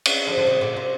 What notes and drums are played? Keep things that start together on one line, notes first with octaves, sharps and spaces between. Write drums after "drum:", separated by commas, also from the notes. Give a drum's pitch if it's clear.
drum: cymbal
D3 F3
D3 F3
C3 D#3
A#2 D3
C3